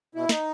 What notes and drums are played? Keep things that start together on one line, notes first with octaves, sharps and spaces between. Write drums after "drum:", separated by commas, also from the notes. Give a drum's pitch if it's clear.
B2 E4
D#4, drum: snare